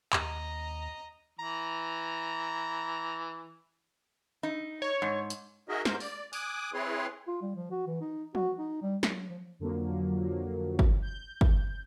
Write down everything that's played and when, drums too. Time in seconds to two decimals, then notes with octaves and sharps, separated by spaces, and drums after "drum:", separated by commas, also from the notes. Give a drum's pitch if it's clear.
0.13 D#2 D#5 A#5, drum: clap
1.39 E3 A#5
4.43 D#4
4.82 C#5
5.02 G#2
5.30 drum: hi-hat
5.69 D#4 F#4 G#4 A#4 D#5 E5
5.85 G#2 A#4 C5 G6, drum: snare
6.00 D5, drum: open hi-hat
6.33 G#5 D6 D#6 F#6, drum: open hi-hat
6.74 C4 E4 G#4 B4 C#5 C6
7.27 F4
7.42 G3
7.56 F3
7.71 F#4
7.87 E3
8.01 D#4
8.35 F#4, drum: tom
8.59 D#4
8.82 G3
9.03 F#3, drum: snare
9.29 F3
9.59 F2 D3 F3 F#3 A#3
10.79 drum: kick
11.02 G6
11.41 drum: kick